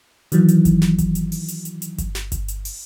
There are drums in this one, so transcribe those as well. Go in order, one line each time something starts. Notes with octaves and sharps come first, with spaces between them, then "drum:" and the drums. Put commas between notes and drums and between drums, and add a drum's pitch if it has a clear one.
D#3 E3 F#3, drum: hi-hat
drum: hi-hat
drum: kick G1, hi-hat
drum: snare
drum: kick G1, hi-hat
drum: hi-hat
drum: open hi-hat
drum: hi-hat
drum: hi-hat
drum: hi-hat
drum: kick G1, hi-hat
drum: snare
drum: kick G1, hi-hat
drum: hi-hat
drum: open hi-hat